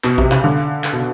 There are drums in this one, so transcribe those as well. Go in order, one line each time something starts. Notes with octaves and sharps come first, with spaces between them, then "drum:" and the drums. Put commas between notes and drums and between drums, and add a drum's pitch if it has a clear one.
B2, drum: clap
C3, drum: kick
C#3, drum: clap
D3
drum: clap
B2